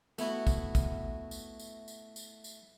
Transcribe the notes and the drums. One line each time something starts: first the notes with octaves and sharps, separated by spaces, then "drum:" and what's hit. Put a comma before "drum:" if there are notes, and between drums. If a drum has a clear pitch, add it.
A3 B3 E4 F#4, drum: tambourine
drum: kick, tambourine
drum: kick, tambourine
drum: tambourine
drum: tambourine
drum: tambourine
drum: tambourine
drum: tambourine